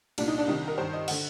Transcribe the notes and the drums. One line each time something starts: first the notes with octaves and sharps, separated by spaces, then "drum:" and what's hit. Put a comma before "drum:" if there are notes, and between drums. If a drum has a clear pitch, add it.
C2 A#2 D4, drum: cymbal
D#4
D4
C2 C3 D#3 D#4
A#4
G2 D#3 C5
D#5
D3 F#5, drum: cymbal